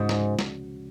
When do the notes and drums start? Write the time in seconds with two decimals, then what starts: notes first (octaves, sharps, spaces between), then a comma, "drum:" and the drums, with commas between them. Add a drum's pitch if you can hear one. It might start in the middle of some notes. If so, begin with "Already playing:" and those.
Already playing: C#2 G#2 C#3 G#3 C#4 F#4
0.09 drum: snare
0.39 drum: snare